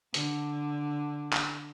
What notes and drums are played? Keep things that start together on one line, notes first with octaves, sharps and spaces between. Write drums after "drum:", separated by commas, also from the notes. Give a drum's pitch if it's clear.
D3, drum: hi-hat
drum: clap